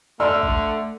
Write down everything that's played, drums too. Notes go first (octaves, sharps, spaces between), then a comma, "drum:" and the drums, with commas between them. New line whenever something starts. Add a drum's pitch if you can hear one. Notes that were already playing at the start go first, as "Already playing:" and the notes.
D3 A3 D5 C6 E6 F6
drum: kick